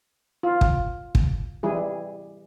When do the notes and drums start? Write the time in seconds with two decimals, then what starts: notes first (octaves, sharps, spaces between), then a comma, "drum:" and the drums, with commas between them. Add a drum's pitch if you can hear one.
0.43 F4
0.61 drum: kick
1.15 drum: kick
1.63 E3 G3 E4 G#4